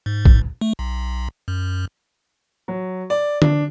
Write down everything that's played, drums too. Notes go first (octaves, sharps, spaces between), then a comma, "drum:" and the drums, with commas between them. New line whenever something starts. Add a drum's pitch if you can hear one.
G#2
drum: kick
A3
B1
F#2
F#3
D5
D4, drum: tom D3